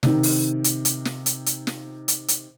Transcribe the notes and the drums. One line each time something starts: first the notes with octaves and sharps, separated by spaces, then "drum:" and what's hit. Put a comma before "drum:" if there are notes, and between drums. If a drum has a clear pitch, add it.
C3 D#3, drum: snare
drum: open hi-hat
drum: hi-hat
drum: hi-hat
drum: snare
drum: hi-hat
drum: hi-hat
drum: snare
drum: hi-hat
drum: hi-hat